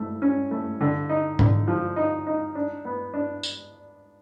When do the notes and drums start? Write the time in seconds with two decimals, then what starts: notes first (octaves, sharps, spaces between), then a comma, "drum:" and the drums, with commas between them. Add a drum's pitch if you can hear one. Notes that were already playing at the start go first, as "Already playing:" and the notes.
Already playing: A3
0.22 C#4
0.51 A3
0.81 D3
1.09 D#4
1.39 D3, drum: tom G#2
1.68 F3
1.96 D#4
2.27 D#4
2.55 D4
2.85 B3
3.14 D4
3.43 drum: tambourine